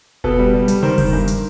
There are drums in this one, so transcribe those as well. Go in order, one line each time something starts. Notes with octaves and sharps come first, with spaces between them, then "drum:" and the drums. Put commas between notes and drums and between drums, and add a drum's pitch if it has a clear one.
B2 A4 B4, drum: kick F1
G3
G3
G3, drum: hi-hat
D#3 A#4 C5
D#3, drum: kick F1, open hi-hat
G2
drum: hi-hat